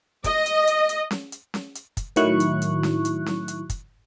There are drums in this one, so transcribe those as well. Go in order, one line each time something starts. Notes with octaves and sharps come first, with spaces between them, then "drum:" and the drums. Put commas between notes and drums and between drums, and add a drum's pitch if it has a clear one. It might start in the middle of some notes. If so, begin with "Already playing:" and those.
D#5, drum: kick, hi-hat
drum: hi-hat
drum: hi-hat
drum: hi-hat
drum: snare C#4
drum: hi-hat
drum: snare C#4
drum: hi-hat
drum: kick, hi-hat
A2 D#3 F#3 E4 C#6 F#6, drum: hi-hat
drum: hi-hat
drum: hi-hat
drum: snare C#4
drum: hi-hat
drum: snare C#4
drum: hi-hat
drum: kick, hi-hat